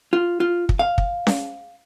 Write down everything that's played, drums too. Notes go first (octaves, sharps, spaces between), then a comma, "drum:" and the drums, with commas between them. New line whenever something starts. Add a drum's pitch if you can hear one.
F4
F4
drum: kick
F5
drum: kick
drum: snare C#4